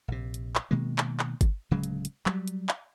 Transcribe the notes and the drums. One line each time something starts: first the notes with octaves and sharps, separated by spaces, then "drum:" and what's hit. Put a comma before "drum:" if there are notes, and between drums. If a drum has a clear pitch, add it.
A#1 C3
drum: hi-hat
drum: clap
B2 D#3 G#3 A#3
drum: clap
drum: clap
drum: kick G1, hi-hat
D1 C#3 F#3 G#3
drum: hi-hat
drum: hi-hat
F#3 G3, drum: clap
drum: hi-hat
drum: clap